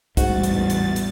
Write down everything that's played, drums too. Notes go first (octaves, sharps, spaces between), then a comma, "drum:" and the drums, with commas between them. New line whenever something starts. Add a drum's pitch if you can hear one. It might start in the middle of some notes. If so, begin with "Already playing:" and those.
A1 E2 G#2 G3 F#4 A6, drum: kick, hi-hat
drum: hi-hat
drum: hi-hat
drum: hi-hat